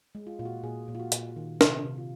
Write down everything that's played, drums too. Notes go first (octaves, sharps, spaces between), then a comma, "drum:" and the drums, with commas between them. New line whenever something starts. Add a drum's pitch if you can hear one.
G#3
F4
A#2 F4
F#4
A#2 G#4
A#2
F4
F#4
A#2, drum: hi-hat
D#3
C3, drum: snare
C3
F4